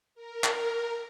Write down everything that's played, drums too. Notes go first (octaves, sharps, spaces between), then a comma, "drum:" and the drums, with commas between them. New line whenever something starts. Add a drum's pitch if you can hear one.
A#4
drum: clap